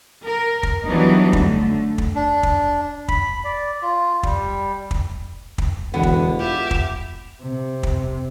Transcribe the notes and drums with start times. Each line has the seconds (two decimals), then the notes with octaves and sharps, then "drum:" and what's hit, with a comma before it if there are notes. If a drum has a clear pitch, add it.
0.24 A#4
0.63 drum: kick
0.86 E3 F#3 G3 B3 D4 D#4
1.33 D3 A3, drum: kick
1.98 drum: kick
2.15 D4
2.43 drum: kick
3.08 B5, drum: kick
3.44 D5
3.82 F4
4.23 G3, drum: kick
4.91 drum: kick
5.58 drum: kick
5.94 E1 D3 E3 B3 F#4
6.03 drum: kick
6.39 F4 G4 E5
6.71 drum: kick
7.43 C3
7.83 drum: kick